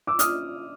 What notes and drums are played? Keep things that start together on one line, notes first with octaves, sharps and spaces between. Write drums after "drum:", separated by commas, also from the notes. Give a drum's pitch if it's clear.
D6 E6
D#6 F6, drum: hi-hat